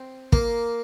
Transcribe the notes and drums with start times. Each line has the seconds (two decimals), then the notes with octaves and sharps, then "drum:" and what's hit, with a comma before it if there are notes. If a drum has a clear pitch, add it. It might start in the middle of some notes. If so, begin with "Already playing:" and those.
Already playing: C4
0.32 A#3, drum: kick